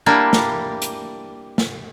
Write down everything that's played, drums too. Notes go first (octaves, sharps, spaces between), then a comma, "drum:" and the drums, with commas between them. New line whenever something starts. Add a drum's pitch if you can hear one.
G3 A#3 D4 E4
drum: snare
drum: hi-hat
drum: snare